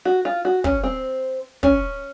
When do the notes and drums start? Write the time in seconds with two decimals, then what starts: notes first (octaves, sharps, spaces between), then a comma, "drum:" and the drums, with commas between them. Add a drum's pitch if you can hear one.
0.05 F#4
0.25 F4
0.45 F#4
0.64 C#4, drum: kick
0.83 C4
1.63 C#4, drum: kick